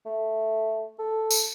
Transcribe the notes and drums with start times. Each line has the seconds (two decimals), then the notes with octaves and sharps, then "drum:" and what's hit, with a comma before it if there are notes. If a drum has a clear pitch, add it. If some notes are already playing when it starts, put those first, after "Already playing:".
0.06 A3
0.99 A4
1.31 drum: tambourine